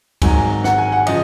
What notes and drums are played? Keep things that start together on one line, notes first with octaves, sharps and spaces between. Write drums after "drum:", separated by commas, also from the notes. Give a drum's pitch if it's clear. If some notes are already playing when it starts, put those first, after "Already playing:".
G#1 G#2 D#3 F#3 G#5, drum: kick C#2, cymbal
F#5, drum: snare
G#5
F#5
C#3 F3 D#5, drum: cymbal